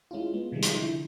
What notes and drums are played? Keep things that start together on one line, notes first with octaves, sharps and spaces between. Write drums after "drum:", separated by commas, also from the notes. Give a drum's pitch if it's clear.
G#3 C#4 E4 F4
G#3 B3
C3 D#3 F3 G3 G#3
drum: hi-hat
D3 E4